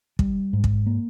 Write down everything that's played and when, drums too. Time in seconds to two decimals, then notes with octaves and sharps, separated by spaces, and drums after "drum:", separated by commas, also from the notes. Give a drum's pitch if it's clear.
0.19 G3, drum: kick
0.53 G#2
0.64 drum: kick
0.86 A#3